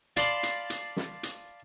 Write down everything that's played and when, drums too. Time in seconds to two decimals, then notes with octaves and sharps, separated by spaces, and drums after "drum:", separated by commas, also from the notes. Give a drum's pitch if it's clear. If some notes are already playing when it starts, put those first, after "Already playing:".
0.17 D5 F5 A5 B5 C6 D6, drum: hi-hat
0.43 drum: hi-hat
0.70 drum: hi-hat
0.97 drum: snare
1.23 drum: hi-hat